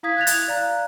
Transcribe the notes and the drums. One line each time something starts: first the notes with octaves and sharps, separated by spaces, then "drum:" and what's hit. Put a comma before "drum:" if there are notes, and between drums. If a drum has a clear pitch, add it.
E4 F5 D#6 G#6 B6
F#6 G#6 A6 F7
drum: hi-hat
D5 F5 A#5 F#6